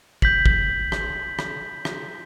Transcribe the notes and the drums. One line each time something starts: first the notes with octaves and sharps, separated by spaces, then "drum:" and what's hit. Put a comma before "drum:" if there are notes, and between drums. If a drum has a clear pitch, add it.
G6 B6 F#7, drum: kick
drum: kick
drum: rim click
drum: rim click
drum: rim click